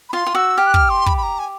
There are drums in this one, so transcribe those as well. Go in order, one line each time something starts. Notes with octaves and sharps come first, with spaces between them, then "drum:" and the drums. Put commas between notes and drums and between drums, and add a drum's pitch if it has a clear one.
B5
F4 C6
F4
F#4 E6
G4 F6
F#6
F6, drum: kick
C6
B5, drum: kick
B5
A#5
G#5